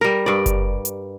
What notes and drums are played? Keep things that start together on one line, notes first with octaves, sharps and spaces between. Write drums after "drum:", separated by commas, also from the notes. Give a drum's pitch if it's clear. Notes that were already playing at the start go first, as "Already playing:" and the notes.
G3 A#4
G2 D5
drum: kick F#1, hi-hat
drum: hi-hat